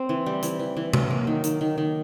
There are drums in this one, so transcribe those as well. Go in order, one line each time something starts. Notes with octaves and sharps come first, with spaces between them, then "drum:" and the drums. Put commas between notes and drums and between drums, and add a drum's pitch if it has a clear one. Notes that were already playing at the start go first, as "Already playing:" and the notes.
Already playing: C4
E3
G3
E3, drum: hi-hat
E3
E3
F#3, drum: tom
A#3
D#3
D#3, drum: hi-hat
D#3
D#3